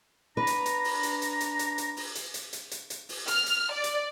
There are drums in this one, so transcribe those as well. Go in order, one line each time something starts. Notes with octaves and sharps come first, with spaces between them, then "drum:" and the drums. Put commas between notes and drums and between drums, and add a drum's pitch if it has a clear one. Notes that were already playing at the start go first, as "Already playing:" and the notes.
D4 B4 A#5
drum: hi-hat
drum: hi-hat
drum: open hi-hat
drum: hi-hat
drum: hi-hat
drum: hi-hat
drum: hi-hat
drum: hi-hat
drum: open hi-hat
drum: hi-hat
drum: hi-hat
drum: hi-hat
drum: hi-hat
drum: hi-hat
drum: open hi-hat
F6, drum: hi-hat
drum: hi-hat
D5
drum: hi-hat